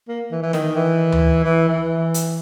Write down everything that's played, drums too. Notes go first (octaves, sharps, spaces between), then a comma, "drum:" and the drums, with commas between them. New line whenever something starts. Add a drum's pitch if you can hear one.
A#3
E3
E3
D#3, drum: snare
E3
drum: tom D2
E3
E3
drum: hi-hat